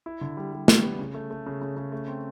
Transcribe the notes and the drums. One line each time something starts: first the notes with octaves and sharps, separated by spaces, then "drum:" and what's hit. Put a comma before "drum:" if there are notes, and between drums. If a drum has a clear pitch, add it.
E4
D3
G3
G3
G3, drum: snare
B3
C#3
A3
A3
C#3
C#3
C#3
A3
C4